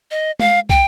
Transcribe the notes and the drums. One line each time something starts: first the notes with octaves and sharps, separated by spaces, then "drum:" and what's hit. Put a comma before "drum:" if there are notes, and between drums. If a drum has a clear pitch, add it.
D#5
F5, drum: tom G#3
G5, drum: kick